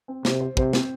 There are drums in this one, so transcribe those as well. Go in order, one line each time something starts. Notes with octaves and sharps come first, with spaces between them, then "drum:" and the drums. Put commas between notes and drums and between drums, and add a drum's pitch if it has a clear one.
C4
C3 C5, drum: snare
C5
C3 C5, drum: kick
C4, drum: snare